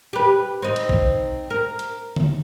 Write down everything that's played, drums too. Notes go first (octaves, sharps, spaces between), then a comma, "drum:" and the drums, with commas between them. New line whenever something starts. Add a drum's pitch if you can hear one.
G4 B4
C4 D#4
drum: cymbal
drum: kick A1
A#4
drum: hi-hat
drum: tom D3